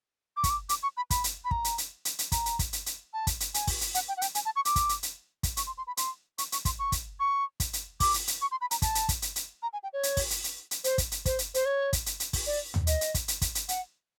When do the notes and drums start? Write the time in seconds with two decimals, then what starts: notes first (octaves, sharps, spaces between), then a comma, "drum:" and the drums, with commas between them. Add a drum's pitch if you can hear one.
0.37 D6
0.44 C#6, drum: kick, hi-hat
0.50 D6
0.69 D6, drum: hi-hat
0.83 C#6
0.97 B5
1.10 B5, drum: kick, hi-hat
1.24 drum: hi-hat
1.45 B5
1.51 A#5, drum: kick
1.64 drum: hi-hat
1.78 drum: hi-hat
2.05 drum: hi-hat
2.19 drum: hi-hat
2.32 A#5, drum: kick, hi-hat
2.46 drum: hi-hat
2.59 drum: kick, hi-hat
2.73 drum: hi-hat
2.86 drum: hi-hat
3.13 A5
3.27 drum: kick, hi-hat
3.40 drum: hi-hat
3.54 G#5, drum: hi-hat
3.67 drum: kick, open hi-hat
3.81 drum: hi-hat
3.94 F#5, drum: hi-hat
4.08 G5
4.17 F#5
4.22 G5, drum: hi-hat
4.35 G#5, drum: hi-hat
4.45 A5
4.56 C#6
4.65 D6, drum: hi-hat
4.76 drum: kick, hi-hat
4.89 drum: hi-hat
5.03 drum: hi-hat
5.43 drum: kick, hi-hat
5.57 C#6, drum: hi-hat
5.66 C6
5.78 C6
5.87 B5
5.97 C6, drum: hi-hat
6.38 C#6, drum: hi-hat
6.52 C#6, drum: hi-hat
6.65 C6, drum: kick, hi-hat
6.79 C#6
6.92 drum: kick, hi-hat
7.20 C#6
7.60 drum: kick, hi-hat
7.73 drum: hi-hat
8.00 D6, drum: kick, open hi-hat
8.14 drum: hi-hat
8.27 drum: hi-hat
8.41 C#6
8.51 C6
8.61 B5
8.71 A#5, drum: hi-hat
8.82 A5, drum: kick, hi-hat
8.95 drum: hi-hat
9.09 drum: kick, hi-hat
9.22 drum: hi-hat
9.36 drum: hi-hat
9.62 A#5
9.73 G#5
9.83 G5
9.93 C#5
10.03 drum: hi-hat
10.17 drum: kick, open hi-hat
10.30 drum: hi-hat
10.44 drum: hi-hat
10.71 drum: hi-hat
10.84 C5, drum: hi-hat
10.98 drum: kick, hi-hat
11.12 drum: hi-hat
11.25 C5, drum: kick, hi-hat
11.39 drum: hi-hat
11.54 C5, drum: hi-hat
11.65 C#5
11.93 drum: kick, hi-hat
12.06 drum: hi-hat
12.20 drum: hi-hat
12.33 drum: kick, open hi-hat
12.46 D5
12.74 drum: tom
12.87 D#5, drum: hi-hat
13.01 drum: hi-hat
13.14 drum: kick, hi-hat
13.28 drum: hi-hat
13.42 drum: kick, hi-hat
13.55 drum: hi-hat
13.69 F#5, drum: hi-hat